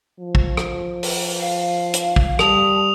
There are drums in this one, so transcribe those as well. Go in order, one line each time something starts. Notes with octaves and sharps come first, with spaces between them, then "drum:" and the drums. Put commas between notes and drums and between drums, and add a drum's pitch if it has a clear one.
F3
drum: kick
drum: rim click
drum: open hi-hat
F5
drum: hi-hat
drum: kick
G3 A5 D#6 F7, drum: rim click